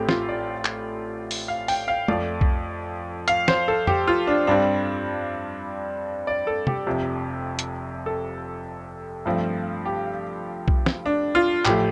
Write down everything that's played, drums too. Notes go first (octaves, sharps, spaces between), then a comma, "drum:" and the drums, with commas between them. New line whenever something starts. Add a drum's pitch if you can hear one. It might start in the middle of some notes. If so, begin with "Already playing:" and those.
Already playing: A1 A2 A3 C4 G4 A4
F4, drum: snare
D5
drum: clap
drum: open hi-hat
F5
G5, drum: open hi-hat
F5
F2 F3 A3 D5, drum: tom
drum: kick B1
F5, drum: hi-hat
C5, drum: snare
A4
G4, drum: tom F2
F4
D4
G2 G3 C4 D4
D5
A4
G4, drum: tom
F1 F2 C3 F3
drum: hi-hat
A4
G2 F3 A3 C4
G4
drum: kick B1
drum: snare
D4
F4
A1 F3 A3 G4, drum: clap